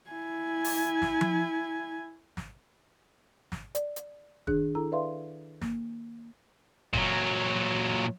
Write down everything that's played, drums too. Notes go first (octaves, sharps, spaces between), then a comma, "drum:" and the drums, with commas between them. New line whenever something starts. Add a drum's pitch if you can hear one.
E4 G#5
drum: open hi-hat
drum: snare
drum: tom F3
drum: snare
drum: snare
D5, drum: hi-hat
drum: hi-hat
D#3 D4 G#4 F#6, drum: kick
E4 A4 A#5 E6
B4 D5 E5 F5 C6
A#3, drum: snare
A#2 F#3, drum: kick